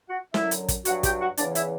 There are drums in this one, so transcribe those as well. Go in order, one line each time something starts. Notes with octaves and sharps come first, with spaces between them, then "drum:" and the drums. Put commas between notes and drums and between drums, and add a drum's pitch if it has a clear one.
F#4 F#5
F#2 D3 F#3 E4 E5, drum: snare
drum: hi-hat
drum: kick, hi-hat
G2 F#3 F#4 F#5, drum: hi-hat
G4 G5, drum: kick, hi-hat
F#4 F#5
E2 C#3 E3 D4 D5, drum: hi-hat
E4 E5, drum: hi-hat